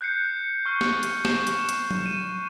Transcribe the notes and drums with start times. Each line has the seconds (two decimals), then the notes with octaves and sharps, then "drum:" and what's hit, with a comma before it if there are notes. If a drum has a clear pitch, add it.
0.01 F#6 G6 C7 C#7
0.65 C#6 F6 C7 C#7
0.81 drum: snare
1.03 drum: hi-hat
1.25 E7, drum: snare
1.47 drum: hi-hat
1.69 drum: hi-hat
1.91 drum: tom F#3
2.06 D#7